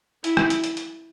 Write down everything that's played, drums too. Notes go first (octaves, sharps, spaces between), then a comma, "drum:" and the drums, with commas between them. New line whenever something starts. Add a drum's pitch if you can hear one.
E4, drum: hi-hat
drum: rim click
drum: hi-hat
drum: hi-hat
drum: hi-hat